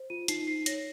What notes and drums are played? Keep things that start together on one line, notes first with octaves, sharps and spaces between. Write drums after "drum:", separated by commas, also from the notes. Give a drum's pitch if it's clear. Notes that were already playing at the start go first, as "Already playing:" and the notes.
Already playing: C5
F4 D#7
D#4 C7, drum: hi-hat
D#4 C7
C#5 A#6, drum: hi-hat